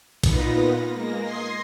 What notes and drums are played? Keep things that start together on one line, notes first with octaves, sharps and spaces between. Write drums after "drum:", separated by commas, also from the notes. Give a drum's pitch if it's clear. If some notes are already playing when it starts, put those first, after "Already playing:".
A#2 B3 D#4 F4 B4 A#6, drum: kick, cymbal
G#3 A#3 A#6
D#5 C6 G#6 A#6 C7